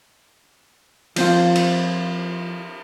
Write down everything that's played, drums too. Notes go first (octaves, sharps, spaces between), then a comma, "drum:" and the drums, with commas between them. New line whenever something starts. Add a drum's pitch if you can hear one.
F3 C4 F4, drum: cymbal
drum: cymbal